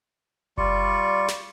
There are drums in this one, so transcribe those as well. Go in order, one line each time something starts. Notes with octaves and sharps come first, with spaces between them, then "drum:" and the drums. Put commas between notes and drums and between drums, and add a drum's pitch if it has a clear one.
G3 F4 D5 C#6, drum: kick F#1
drum: snare